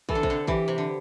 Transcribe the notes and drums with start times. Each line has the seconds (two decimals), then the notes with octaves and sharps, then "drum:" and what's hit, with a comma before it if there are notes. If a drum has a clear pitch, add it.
0.09 E3 A4, drum: kick
0.15 D3
0.23 C3, drum: kick
0.30 D3
0.48 E3 G4, drum: kick
0.68 C3
0.78 D3